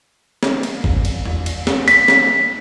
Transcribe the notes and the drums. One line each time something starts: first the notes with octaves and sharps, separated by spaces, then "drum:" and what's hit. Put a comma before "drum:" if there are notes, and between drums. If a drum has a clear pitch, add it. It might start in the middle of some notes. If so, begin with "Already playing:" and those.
drum: snare C4
drum: cymbal
drum: kick
drum: cymbal
drum: tom E2
drum: cymbal
drum: snare C4
B6, drum: cymbal
drum: snare C4